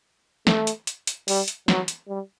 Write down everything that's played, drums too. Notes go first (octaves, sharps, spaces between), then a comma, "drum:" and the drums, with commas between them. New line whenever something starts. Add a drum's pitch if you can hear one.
A3, drum: snare
drum: hi-hat
drum: hi-hat
drum: hi-hat
G3, drum: open hi-hat
drum: hi-hat
F#3, drum: snare
drum: hi-hat
G3